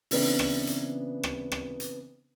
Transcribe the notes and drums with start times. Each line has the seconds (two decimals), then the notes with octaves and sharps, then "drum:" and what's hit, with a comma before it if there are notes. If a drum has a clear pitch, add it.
0.11 C#3 E3 B3 C4 D4, drum: open hi-hat
0.39 drum: rim click
0.67 drum: hi-hat
1.23 drum: rim click
1.52 drum: rim click
1.80 drum: hi-hat